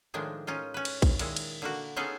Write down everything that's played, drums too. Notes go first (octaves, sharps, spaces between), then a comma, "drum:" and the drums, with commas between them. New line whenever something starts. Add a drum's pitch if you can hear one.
A2 D#3 F3 G#3 D4
C#4 D#4 F4
C#4 B4
drum: cymbal
drum: kick, cymbal
A#2 D#3 G#3 E4, drum: cymbal
drum: cymbal
D3 A#3 F#4
B3 C#4 D#4 F4 G#4 A4